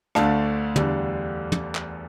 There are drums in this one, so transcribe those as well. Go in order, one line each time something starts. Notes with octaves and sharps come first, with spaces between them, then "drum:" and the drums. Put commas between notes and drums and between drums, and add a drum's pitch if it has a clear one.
D2 D3 A3 D4 F5 A5, drum: rim click
E2 D3 G3, drum: tom
drum: tom
drum: clap